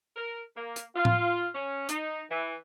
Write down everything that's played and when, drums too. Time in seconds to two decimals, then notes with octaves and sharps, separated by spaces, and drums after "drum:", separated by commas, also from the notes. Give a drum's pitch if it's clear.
0.16 A#4
0.56 A#3
0.76 drum: hi-hat
0.96 F4
1.05 drum: tom A2
1.55 C#4
1.89 D#4, drum: hi-hat
2.30 E3